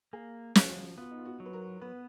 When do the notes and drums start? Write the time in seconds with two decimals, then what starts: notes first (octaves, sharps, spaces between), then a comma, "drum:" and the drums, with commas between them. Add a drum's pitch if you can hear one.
0.13 A#3 G#4
0.55 F3, drum: snare
0.63 F4
0.69 F#4
0.98 B3 F4
1.11 D#4
1.19 F4
1.25 F#4
1.40 F#3
1.46 B4
1.53 A#4
1.81 B3 B4